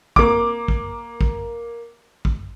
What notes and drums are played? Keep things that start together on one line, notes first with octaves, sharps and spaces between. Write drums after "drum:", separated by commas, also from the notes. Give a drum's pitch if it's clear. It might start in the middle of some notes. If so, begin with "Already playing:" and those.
A#3 D6, drum: kick
drum: kick
drum: kick
drum: kick